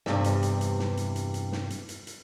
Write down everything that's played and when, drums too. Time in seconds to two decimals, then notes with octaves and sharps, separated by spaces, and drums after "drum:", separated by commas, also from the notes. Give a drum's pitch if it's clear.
0.06 E2 G2 C3, drum: snare
0.24 drum: hi-hat
0.43 drum: hi-hat
0.61 drum: hi-hat
0.79 drum: snare
0.97 drum: hi-hat
1.16 drum: hi-hat
1.34 drum: hi-hat
1.52 drum: snare
1.70 drum: hi-hat
1.89 drum: hi-hat
2.07 drum: hi-hat